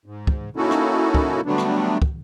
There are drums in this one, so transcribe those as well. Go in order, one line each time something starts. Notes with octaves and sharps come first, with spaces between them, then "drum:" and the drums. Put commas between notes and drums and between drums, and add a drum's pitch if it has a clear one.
G#2
drum: kick
A#3 C#4 D#4 E4 F#4 A4
drum: rim click
drum: kick
D3 F#3 G3 A3 B3 D4
drum: rim click
drum: kick